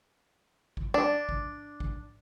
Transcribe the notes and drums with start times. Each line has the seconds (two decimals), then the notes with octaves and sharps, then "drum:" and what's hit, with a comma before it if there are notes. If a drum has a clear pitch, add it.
0.77 drum: kick
0.94 D4
1.29 drum: kick
1.80 drum: kick